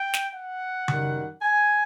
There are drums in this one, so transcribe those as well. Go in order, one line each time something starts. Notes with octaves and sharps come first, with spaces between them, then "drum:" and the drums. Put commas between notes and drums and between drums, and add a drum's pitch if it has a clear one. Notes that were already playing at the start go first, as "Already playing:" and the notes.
Already playing: G5
drum: snare
F#5
F#2 D#3 G3, drum: tom C#3
G#5